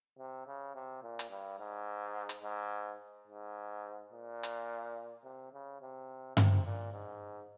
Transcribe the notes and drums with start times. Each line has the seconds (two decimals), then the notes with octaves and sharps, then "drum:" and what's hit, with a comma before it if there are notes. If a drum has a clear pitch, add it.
0.19 C3
0.47 C#3
0.75 C3
1.03 A#2
1.19 drum: hi-hat
1.30 G2
1.59 G#2
2.29 drum: hi-hat
2.43 G#2
3.28 G#2
4.12 A#2
4.43 drum: hi-hat
5.24 C3
5.53 C#3
5.81 C3
6.37 C3, drum: tom G2
6.66 A#2
6.93 G#2